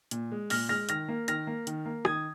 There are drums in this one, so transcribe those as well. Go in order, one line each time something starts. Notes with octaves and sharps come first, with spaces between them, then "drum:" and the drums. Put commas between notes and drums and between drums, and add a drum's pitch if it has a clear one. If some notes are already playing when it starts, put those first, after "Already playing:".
A#2, drum: hi-hat
G#3
A#2 F6 A#6, drum: open hi-hat
G#3 F6 A#6
D#3 F6 A#6, drum: hi-hat
A#3
D#3 F6 A#6, drum: hi-hat
A#3
D#3, drum: hi-hat
A#3
D#3 D#6 G#6, drum: rim click